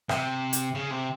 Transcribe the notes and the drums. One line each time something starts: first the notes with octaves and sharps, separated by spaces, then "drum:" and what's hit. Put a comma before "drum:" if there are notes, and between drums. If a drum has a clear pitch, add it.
C3, drum: rim click
drum: hi-hat
C#3
C3